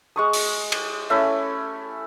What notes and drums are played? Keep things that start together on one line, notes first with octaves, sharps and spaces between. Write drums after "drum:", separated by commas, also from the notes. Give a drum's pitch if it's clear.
G#3 C#6 D#6
drum: open hi-hat
drum: cymbal
A3 C#4 E4